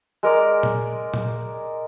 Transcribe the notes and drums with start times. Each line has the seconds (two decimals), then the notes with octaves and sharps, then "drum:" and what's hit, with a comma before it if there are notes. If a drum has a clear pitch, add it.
0.23 G#3 A#4 D5
0.63 drum: tom A#2
1.14 drum: tom A#2